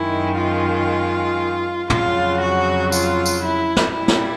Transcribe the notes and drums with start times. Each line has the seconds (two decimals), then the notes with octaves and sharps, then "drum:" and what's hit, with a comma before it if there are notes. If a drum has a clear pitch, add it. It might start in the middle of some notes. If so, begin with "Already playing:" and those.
Already playing: F#2 D#3 G#3 E4
0.37 F4
1.90 F2 C#3 F#3 F4, drum: tom
2.41 F#4
2.92 F4, drum: tambourine
3.26 drum: tambourine
3.43 E4
3.77 drum: snare
3.93 A#2 G3 E4
4.08 drum: snare